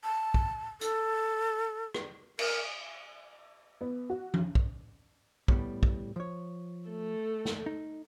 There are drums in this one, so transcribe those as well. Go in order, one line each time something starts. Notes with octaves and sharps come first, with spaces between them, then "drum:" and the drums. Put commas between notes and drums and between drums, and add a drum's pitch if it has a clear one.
A5
drum: kick
A4, drum: hi-hat
drum: rim click
A#4, drum: cymbal
B3
F#4
drum: tom F3
drum: kick
A2 G3 B3, drum: kick
drum: kick
F3 C#5
A3 A4
drum: snare
D#4